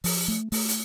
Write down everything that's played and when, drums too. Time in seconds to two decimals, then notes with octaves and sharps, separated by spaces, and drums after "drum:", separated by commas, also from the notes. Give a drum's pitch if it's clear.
0.04 F3, drum: open hi-hat
0.28 A3
0.52 A3, drum: open hi-hat
0.68 drum: hi-hat